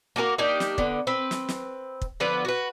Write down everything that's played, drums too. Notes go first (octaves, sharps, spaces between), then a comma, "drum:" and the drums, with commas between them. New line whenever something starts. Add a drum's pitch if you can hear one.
A#3 F#4 G#4 A#4
A#3 D4 D#4 G4
drum: snare
D3 B3, drum: kick
C4 B4
drum: snare
drum: snare
drum: kick
D3 F3 B3 B4
F#4 B4